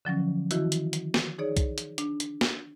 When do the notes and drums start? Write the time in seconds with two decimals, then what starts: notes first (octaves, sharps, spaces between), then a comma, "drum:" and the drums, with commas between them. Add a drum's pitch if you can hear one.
0.05 D3 F3 F#3 C#4
0.51 D#3 E3 E4 F#4, drum: hi-hat
0.72 drum: hi-hat
0.93 drum: hi-hat
1.14 drum: snare
1.39 D#4 G#4 C#5 D5
1.57 drum: kick B1, hi-hat
1.78 drum: hi-hat
1.98 D4, drum: hi-hat
2.20 drum: hi-hat
2.41 drum: snare